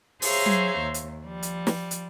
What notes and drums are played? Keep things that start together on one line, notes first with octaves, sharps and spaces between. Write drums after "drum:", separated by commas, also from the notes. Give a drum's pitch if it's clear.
G#4 C5 C#5 E5 F5 A#5, drum: open hi-hat
drum: tom F#3
D#2
drum: hi-hat
F3 G3
drum: hi-hat
drum: snare
drum: hi-hat